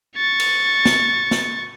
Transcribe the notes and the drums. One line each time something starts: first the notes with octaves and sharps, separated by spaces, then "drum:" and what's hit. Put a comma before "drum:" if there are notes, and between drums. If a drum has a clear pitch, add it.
C#6 A6
drum: cymbal
drum: snare
drum: snare